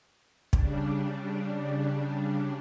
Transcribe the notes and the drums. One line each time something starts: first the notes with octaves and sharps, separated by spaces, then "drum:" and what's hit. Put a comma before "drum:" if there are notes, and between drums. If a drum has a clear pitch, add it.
C#3 G3 D4, drum: kick